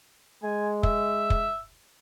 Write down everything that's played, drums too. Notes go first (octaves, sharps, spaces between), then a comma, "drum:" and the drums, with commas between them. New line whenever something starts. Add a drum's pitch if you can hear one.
G#3 G#5
E5, drum: kick
drum: kick